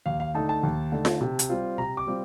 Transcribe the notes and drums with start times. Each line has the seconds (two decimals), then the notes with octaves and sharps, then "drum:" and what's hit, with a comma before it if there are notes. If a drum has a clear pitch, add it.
0.06 D#2 F5
0.20 F5
0.35 D3 A3 D#4 A5
0.49 A5
0.63 D#2
0.92 D3 A3 D#4
1.05 drum: snare F4
1.21 C3
1.39 drum: hi-hat
1.49 G3 C4 F4
1.78 C3 A#5
1.97 D6
2.07 G3 C4 F4